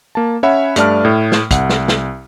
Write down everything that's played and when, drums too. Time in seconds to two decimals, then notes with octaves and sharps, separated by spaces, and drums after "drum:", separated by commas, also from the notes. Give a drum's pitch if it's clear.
0.15 A#3 A5
0.43 C#4 C#5 E5 F#5 B5
0.76 G2 A3 D5 A5 F6, drum: hi-hat
1.05 A2
1.32 drum: snare
1.51 C2 F#5, drum: kick, hi-hat
1.69 drum: snare
1.88 drum: snare